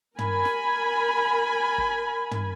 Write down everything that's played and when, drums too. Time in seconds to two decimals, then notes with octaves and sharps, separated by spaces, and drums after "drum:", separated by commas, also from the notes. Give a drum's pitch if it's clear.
0.19 A#4 G#5 B5, drum: tom
0.45 drum: snare
1.78 drum: kick
2.31 drum: tom